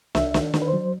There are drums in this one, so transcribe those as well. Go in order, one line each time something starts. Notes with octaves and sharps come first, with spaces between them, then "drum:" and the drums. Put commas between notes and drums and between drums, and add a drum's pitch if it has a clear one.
C2 E5, drum: snare
D#3, drum: snare
D#3, drum: snare
B4
C5
F#3